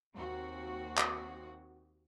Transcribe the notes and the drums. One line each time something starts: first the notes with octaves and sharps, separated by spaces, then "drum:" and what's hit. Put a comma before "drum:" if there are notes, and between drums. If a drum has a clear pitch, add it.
D#2 C4 F#4
drum: clap